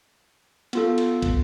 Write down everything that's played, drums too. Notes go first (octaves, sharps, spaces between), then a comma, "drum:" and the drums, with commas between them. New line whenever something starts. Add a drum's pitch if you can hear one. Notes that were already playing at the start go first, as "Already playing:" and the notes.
B3 F4 A4, drum: cymbal
drum: cymbal
drum: kick, cymbal